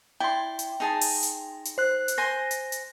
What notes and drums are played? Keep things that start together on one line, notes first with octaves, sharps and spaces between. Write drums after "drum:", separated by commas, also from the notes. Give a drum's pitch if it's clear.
E4 D5 G5 C6
drum: hi-hat
D#4 G#4 A5
drum: open hi-hat
drum: hi-hat
drum: hi-hat
C5 F#6
drum: hi-hat
C5 G#5 C6 A#6
drum: hi-hat
drum: hi-hat